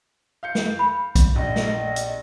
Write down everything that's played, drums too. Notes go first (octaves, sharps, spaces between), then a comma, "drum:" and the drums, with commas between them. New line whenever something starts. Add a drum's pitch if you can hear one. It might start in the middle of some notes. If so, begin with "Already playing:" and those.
F5 G6 C#7
drum: snare
B5
drum: kick B1, hi-hat
A#1 D#5
drum: snare
drum: hi-hat